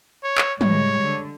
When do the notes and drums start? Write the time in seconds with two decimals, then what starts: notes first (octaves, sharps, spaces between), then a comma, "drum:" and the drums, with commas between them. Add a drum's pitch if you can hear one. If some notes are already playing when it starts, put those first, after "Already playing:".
0.24 C#5
0.38 drum: clap
0.61 A2 G3 G#3 C#5, drum: tom
1.02 D3